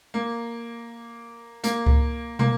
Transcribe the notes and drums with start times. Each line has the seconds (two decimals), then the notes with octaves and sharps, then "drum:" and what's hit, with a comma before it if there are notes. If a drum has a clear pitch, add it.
0.14 A#3
1.64 A#3, drum: hi-hat
1.87 drum: kick C#2
2.39 A#3, drum: tom